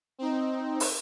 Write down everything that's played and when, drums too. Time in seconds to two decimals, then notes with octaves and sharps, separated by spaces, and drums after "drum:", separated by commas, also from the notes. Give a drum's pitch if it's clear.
0.19 C4 D#4
0.80 drum: open hi-hat